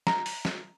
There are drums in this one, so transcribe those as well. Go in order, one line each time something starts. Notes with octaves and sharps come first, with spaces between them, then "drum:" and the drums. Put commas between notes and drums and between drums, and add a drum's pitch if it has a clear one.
A#5, drum: snare
drum: open hi-hat
drum: snare